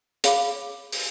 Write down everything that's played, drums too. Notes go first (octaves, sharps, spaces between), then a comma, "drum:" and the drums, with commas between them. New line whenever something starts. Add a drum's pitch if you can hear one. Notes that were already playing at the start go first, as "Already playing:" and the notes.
G#4 C#5 F5 B5 D6, drum: hi-hat
drum: open hi-hat